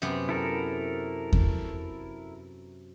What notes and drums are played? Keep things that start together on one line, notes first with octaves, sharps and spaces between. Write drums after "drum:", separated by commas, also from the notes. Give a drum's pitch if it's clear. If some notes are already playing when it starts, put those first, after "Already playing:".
F#2 C3 B3
E4 A4 A#4
drum: kick E2